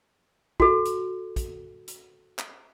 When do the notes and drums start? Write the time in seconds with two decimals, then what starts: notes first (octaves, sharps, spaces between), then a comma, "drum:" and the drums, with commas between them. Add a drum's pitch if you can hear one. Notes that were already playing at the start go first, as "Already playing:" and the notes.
0.60 F#4 A4, drum: kick
0.85 drum: hi-hat
1.36 drum: kick, hi-hat
1.87 drum: hi-hat
2.39 drum: clap